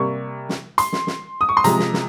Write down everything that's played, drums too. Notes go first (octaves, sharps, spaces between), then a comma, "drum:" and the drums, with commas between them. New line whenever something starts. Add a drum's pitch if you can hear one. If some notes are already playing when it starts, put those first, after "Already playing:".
Already playing: C3 G3 A#3 C#6
drum: snare
C6, drum: hi-hat
drum: snare
drum: snare
D#6
C#6
C6
C3 F3 G#3 A#5, drum: hi-hat
drum: snare
drum: snare